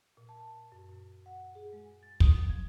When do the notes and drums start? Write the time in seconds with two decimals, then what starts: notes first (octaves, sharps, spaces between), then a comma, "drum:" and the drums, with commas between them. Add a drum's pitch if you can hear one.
0.17 A#2
0.29 A5
0.72 F#2
0.89 A#2
1.26 F#5
1.55 G#4
1.73 G#3
1.86 G#5
2.03 A6
2.20 D#6, drum: kick
2.34 F#3
2.49 F3